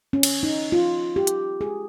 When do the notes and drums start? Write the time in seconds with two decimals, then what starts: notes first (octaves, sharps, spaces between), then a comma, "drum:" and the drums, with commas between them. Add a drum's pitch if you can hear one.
0.13 C#4
0.23 drum: cymbal
0.43 D#4
0.72 F4
1.16 G4
1.27 drum: hi-hat
1.61 G#4